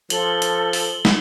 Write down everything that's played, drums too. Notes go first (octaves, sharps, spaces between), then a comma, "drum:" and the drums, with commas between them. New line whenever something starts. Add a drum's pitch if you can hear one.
F3 A4 F#7 G7, drum: hi-hat
drum: hi-hat
drum: open hi-hat
drum: snare